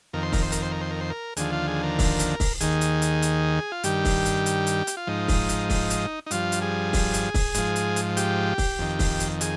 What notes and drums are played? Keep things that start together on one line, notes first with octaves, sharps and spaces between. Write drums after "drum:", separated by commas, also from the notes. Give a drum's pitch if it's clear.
F2 D#3 A#4
C5
A#4, drum: kick, open hi-hat
C5
A#4, drum: hi-hat
C5
A#4
C5
A#4
C5
A#4
D#2 D3 F3 G#4, drum: hi-hat
F4
G#4
A#4
drum: kick, open hi-hat
drum: hi-hat
drum: kick, open hi-hat
D#2 D#3 G#4, drum: hi-hat
drum: hi-hat
drum: hi-hat
drum: hi-hat
F4
G2 D#3 G4, drum: hi-hat
drum: kick, open hi-hat
drum: hi-hat
drum: hi-hat
drum: hi-hat
drum: hi-hat
F4
G#2 F3 D#4
drum: kick, open hi-hat
drum: hi-hat
drum: kick, open hi-hat
drum: hi-hat
D#4
G2 F3 F4, drum: hi-hat
drum: hi-hat
G#4
drum: kick, open hi-hat
drum: hi-hat
drum: kick, open hi-hat
G#2 F3, drum: hi-hat
drum: hi-hat
drum: hi-hat
G4, drum: hi-hat
drum: kick, open hi-hat
F2 D#3
drum: kick, open hi-hat
drum: hi-hat
G#4, drum: hi-hat